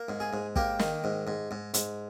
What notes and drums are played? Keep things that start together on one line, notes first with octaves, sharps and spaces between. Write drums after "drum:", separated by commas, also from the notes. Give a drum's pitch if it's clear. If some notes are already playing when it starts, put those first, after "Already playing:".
Already playing: A#3
G#2
G#4
G#2
A#3 G4, drum: kick
D#3, drum: snare
G#2
G#2
G#2
G#2, drum: hi-hat